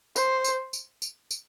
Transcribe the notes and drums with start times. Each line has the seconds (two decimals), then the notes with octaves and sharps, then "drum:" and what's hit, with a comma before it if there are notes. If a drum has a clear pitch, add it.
0.16 C5, drum: tambourine
0.44 drum: tambourine
0.73 drum: tambourine
1.02 drum: tambourine
1.31 drum: tambourine